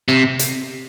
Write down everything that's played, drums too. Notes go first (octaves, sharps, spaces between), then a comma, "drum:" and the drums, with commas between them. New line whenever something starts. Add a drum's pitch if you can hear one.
C3
drum: hi-hat